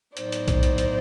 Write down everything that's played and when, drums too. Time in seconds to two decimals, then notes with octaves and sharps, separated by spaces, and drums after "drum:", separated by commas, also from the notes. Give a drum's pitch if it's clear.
0.17 A2 F#3 B3 D#4 C5 D5, drum: hi-hat
0.32 drum: hi-hat
0.48 drum: kick B1, hi-hat
0.63 drum: hi-hat
0.78 drum: hi-hat